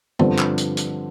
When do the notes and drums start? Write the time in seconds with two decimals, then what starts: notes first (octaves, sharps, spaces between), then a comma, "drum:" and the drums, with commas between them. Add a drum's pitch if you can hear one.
0.19 G2 D3 F3 C4, drum: tom
0.38 drum: clap
0.58 drum: hi-hat
0.77 drum: hi-hat